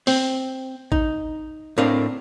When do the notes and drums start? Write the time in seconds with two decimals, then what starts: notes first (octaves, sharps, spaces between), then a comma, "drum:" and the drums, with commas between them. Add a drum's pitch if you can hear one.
0.07 C4, drum: open hi-hat
0.92 D#4, drum: kick A1
1.78 A2 C4 D4 A#4 F5